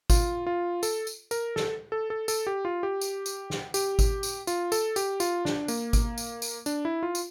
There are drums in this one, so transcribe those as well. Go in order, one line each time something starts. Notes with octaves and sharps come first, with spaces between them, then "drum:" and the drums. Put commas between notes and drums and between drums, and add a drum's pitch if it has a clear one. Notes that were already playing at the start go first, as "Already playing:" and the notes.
F4, drum: kick G#1, tambourine
F4
A4, drum: tambourine
drum: tambourine
A#4, drum: tambourine
A4, drum: snare
A4
A4
A4, drum: tambourine
G4
F4
G4
drum: tambourine
drum: tambourine
drum: snare
G4, drum: tambourine
drum: kick G#1, tambourine
drum: tambourine
F4, drum: tambourine
A4, drum: tambourine
G4, drum: tambourine
F4, drum: tambourine
D4, drum: snare
A#3, drum: tambourine
drum: kick G#1, tambourine
drum: tambourine
drum: tambourine
D4, drum: tambourine
E4
F4
drum: tambourine